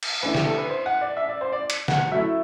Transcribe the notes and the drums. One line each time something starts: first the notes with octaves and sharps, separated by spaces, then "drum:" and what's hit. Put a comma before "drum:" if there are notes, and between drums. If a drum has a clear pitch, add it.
drum: cymbal
E3 A3 D4 B4
G4, drum: snare
A4
B4
C5
F#5
D5
E5
D5
C5
D5
drum: hi-hat
F#5, drum: snare
F#3 A3 E4 E5